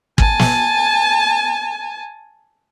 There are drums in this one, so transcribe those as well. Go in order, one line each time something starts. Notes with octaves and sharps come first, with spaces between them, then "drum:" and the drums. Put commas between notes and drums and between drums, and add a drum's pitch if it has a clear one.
G#5 A5, drum: kick
drum: snare